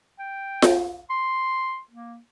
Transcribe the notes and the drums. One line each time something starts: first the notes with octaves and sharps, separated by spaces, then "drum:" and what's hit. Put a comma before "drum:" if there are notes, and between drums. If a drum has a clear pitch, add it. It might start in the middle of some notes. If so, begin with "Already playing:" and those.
G5
drum: snare F4
C6
A#3